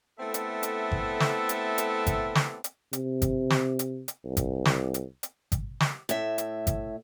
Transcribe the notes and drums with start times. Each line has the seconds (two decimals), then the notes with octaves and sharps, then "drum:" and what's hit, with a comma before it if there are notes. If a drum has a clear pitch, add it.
0.19 A3 B3 C4 E4 A4 E5
0.34 drum: hi-hat
0.63 drum: hi-hat
0.92 drum: kick G#1
1.20 drum: snare
1.49 drum: hi-hat
1.78 drum: hi-hat
2.07 drum: kick G#1, hi-hat
2.35 drum: snare
2.64 drum: hi-hat
2.93 C3, drum: hi-hat
3.22 drum: kick G#1, hi-hat
3.50 drum: snare
3.79 drum: hi-hat
4.08 drum: hi-hat
4.25 C2
4.37 drum: kick G#1, hi-hat
4.65 drum: snare
4.94 drum: hi-hat
5.23 drum: hi-hat
5.52 drum: kick G#1, hi-hat
5.80 drum: snare
6.09 A2 E5, drum: hi-hat
6.38 drum: hi-hat
6.67 drum: kick G#1, hi-hat